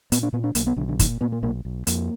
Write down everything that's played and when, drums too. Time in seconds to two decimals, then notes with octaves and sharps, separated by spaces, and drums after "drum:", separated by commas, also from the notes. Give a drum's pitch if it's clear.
0.12 A#2 B3, drum: hi-hat
0.23 D4
0.33 A#2 B3
0.44 D4
0.55 B1 A#3, drum: hi-hat
0.67 B3
0.77 B1 D3
0.89 D3
0.99 A#2 D#3, drum: kick, hi-hat
1.21 A#2 B3
1.32 A#3
1.43 B1 A#3
1.65 B1
1.87 F2 A#3, drum: hi-hat